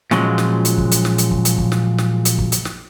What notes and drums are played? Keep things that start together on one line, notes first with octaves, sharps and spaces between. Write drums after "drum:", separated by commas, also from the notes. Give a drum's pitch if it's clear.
A#2 C#3 F3 F#3 G#3, drum: snare
drum: snare
drum: hi-hat
drum: kick
drum: hi-hat
drum: snare
drum: hi-hat
drum: kick
drum: hi-hat
drum: kick
drum: snare
drum: snare
drum: hi-hat
drum: kick
drum: hi-hat
drum: snare